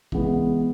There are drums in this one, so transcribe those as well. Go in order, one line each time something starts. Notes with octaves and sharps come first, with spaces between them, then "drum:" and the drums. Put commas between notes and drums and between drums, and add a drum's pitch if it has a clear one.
E3 G#3 B3, drum: kick